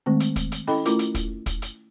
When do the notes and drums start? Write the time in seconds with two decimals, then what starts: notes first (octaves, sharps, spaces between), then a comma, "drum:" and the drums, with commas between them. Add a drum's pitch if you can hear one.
0.06 D#3 G#3 A3 C4
0.20 drum: hi-hat
0.36 drum: kick, hi-hat
0.52 drum: hi-hat
0.67 C#4 E4 A4 D#5 G5 B5, drum: open hi-hat
0.85 A3 C#4 E4 F4 A#4 D6, drum: hi-hat
0.99 drum: hi-hat
1.15 drum: kick, hi-hat
1.46 drum: kick, hi-hat
1.62 drum: hi-hat